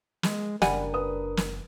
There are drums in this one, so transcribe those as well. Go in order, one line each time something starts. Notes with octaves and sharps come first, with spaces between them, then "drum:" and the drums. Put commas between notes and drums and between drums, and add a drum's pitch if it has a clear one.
G#3, drum: snare
F#1 G3 D4 A#4 F#5 G#5 B5, drum: snare
B4 D#6
drum: snare